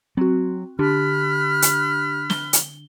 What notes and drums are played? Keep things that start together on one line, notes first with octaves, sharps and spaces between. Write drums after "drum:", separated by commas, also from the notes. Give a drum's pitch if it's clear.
F#3 C4 F#4
D3 D4 G4 B5 F6 F#6
drum: hi-hat
G7, drum: snare
drum: hi-hat